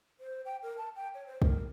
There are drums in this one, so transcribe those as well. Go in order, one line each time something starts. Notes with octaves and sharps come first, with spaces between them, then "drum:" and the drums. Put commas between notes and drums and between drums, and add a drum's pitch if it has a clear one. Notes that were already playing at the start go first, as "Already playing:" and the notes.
C5
G5
A#4
A5
G5
C#5
C5
A#4, drum: kick